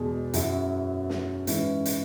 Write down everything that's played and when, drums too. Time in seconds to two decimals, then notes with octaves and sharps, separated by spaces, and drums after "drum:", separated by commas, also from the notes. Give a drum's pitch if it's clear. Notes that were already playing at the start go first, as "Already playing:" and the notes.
Already playing: E2 B2 G#3
0.34 F#2 F#3 E4, drum: hi-hat
1.10 drum: snare
1.47 G#2 E3 C#4 E4, drum: hi-hat
1.86 drum: hi-hat